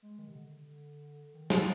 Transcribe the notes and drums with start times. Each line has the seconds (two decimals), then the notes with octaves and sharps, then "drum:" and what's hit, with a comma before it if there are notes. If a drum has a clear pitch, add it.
0.02 G#3
0.19 D#3
0.28 C3
0.35 D3
1.34 D#3
1.50 G3, drum: snare